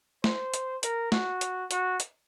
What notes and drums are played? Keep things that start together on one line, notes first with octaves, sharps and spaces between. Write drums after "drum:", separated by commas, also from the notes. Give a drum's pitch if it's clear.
C5, drum: snare
drum: hi-hat
A#4, drum: hi-hat
F#4, drum: snare
drum: hi-hat
F#4, drum: hi-hat
drum: hi-hat